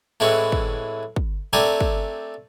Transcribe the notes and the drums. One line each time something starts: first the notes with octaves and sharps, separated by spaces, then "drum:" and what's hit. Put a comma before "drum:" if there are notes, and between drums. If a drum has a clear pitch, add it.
A2 E3 G#3 C4 F#4
drum: kick
drum: kick
A3 C4 D4 G4 A#4 G#5
drum: kick